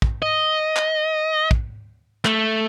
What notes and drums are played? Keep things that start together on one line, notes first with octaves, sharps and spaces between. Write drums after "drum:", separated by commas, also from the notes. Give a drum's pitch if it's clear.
drum: kick
D#5
drum: clap
drum: kick
A3, drum: clap